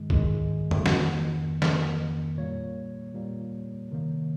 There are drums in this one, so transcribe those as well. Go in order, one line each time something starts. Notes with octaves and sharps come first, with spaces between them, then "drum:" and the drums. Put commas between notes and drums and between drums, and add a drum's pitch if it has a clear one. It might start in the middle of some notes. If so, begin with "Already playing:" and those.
Already playing: G#2 D#3 G#3
G#2 D#3 G#3, drum: kick
drum: tom
F2 D#3 A#3, drum: snare
F2 D#3 A#3 A#4, drum: snare
A#2 G3 A#3 C#5
A#2 G3 A#3
C3 D#3 A#3